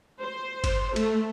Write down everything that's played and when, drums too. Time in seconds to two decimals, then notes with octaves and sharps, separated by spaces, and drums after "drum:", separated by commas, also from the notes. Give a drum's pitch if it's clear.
0.22 C5
0.64 drum: kick G1, cymbal
0.96 A3, drum: cymbal